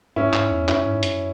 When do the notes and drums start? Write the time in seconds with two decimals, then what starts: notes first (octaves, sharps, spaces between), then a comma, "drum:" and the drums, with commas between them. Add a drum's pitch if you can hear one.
0.16 G#2 C#4 E4
0.33 G#2, drum: clap
0.51 E2
0.68 F#2 C#4 E4, drum: clap
0.86 G#2
1.03 F#2, drum: hi-hat